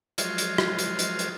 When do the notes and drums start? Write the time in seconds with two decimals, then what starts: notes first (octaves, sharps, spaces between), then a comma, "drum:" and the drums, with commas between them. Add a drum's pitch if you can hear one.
0.18 F3 F#3 G#3 F4, drum: hi-hat
0.38 drum: hi-hat
0.58 drum: rim click
0.79 drum: hi-hat
0.99 drum: hi-hat
1.19 drum: hi-hat